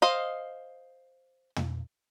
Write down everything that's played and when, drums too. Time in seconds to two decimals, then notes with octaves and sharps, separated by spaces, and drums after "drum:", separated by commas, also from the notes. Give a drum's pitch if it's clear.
0.02 C5 D#5 F5
1.56 drum: tom